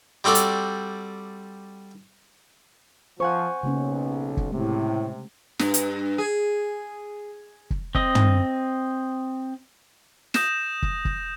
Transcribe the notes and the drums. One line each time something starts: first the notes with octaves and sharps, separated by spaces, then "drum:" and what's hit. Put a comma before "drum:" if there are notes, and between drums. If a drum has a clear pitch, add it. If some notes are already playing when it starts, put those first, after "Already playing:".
G3 C4 F#4 A4 D5
drum: hi-hat
F3 C5 F#5 G#5 C#6
B1 C#3 A#3 C#4
drum: kick
A2 C3 G#3 A3
G2, drum: snare
drum: hi-hat
G#4
drum: kick
C4 D#5, drum: kick
drum: tom
D#6 G6 A#6 E7, drum: snare
drum: kick
drum: kick